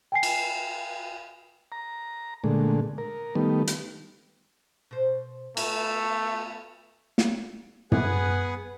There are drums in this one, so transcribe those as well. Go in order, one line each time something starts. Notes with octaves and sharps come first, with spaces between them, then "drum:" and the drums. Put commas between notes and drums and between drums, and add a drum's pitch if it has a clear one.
G5 G#5 C7
drum: cymbal
A#5
A#2 D3 G#3 A3
A#4
D#3 G3 A3 B3
drum: hi-hat
B2 C5
A3 B3 C#5, drum: cymbal
drum: snare
B3 G#4 B4 F#5 G#5, drum: tom